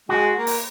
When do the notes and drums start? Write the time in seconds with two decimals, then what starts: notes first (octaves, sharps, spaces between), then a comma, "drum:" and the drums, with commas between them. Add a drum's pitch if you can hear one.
0.09 G#3 F#4
0.35 A#3
0.47 drum: open hi-hat